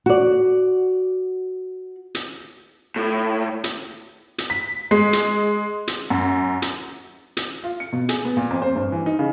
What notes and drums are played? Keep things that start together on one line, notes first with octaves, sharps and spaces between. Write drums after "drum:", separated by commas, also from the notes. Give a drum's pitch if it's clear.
F#4 D5
drum: hi-hat
A2
drum: hi-hat
drum: hi-hat
B6
G#3
drum: hi-hat
drum: hi-hat
F#2
drum: hi-hat
drum: hi-hat
F4
C#7
B2
G#4, drum: hi-hat
B3
A#2
F2
C5
G2
E3
D#4
C#3